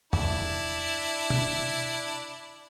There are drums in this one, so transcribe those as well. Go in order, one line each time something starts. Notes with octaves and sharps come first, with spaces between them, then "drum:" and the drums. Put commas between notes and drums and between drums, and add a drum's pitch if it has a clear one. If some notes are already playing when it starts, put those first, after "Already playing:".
D4 E4, drum: tom E2
drum: tom B2